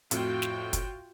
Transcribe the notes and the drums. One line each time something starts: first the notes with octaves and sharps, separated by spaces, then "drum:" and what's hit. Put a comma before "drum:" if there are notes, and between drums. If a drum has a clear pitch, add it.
F2 A2 F4 F#4 G5, drum: hi-hat
drum: snare
drum: kick, hi-hat